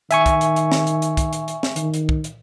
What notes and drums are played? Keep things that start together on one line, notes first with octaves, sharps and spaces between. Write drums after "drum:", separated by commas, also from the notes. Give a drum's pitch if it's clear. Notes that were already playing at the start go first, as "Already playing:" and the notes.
D#3 E5 G#5 C#6, drum: hi-hat
drum: kick, hi-hat
drum: hi-hat
drum: hi-hat
drum: snare
drum: hi-hat
drum: hi-hat
drum: kick, hi-hat
drum: hi-hat
drum: hi-hat
drum: snare
D#3, drum: hi-hat
drum: hi-hat
drum: kick
drum: hi-hat